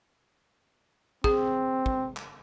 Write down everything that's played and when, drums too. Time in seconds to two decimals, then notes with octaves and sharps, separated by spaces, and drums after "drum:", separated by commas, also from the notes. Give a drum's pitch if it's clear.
1.24 C4 G#4, drum: kick
1.86 drum: kick
2.17 drum: clap